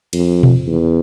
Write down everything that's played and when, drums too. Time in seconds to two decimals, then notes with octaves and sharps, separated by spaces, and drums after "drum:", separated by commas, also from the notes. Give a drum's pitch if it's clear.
0.13 F2, drum: cymbal
0.43 drum: tom B2
0.67 E2